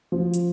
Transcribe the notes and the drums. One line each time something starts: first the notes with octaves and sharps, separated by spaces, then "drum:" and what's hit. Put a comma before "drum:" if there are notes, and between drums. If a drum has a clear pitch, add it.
F3
drum: hi-hat